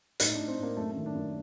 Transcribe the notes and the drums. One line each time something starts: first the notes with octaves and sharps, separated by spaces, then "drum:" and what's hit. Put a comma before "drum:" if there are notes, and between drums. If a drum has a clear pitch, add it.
A2 D#4, drum: hi-hat
A2 D4
C4
A2 A#3
F#2 A3
D#3 A3
D4
F#2